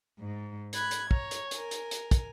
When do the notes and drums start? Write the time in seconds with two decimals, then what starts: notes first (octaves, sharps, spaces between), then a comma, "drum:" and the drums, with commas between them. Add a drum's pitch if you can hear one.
0.20 G#2
0.73 B5 F#6 G#6, drum: hi-hat
0.91 drum: hi-hat
1.11 C#5 A#5, drum: kick
1.31 drum: hi-hat
1.51 A#4 G#5, drum: hi-hat
1.71 drum: hi-hat
1.91 drum: hi-hat
2.11 drum: kick, hi-hat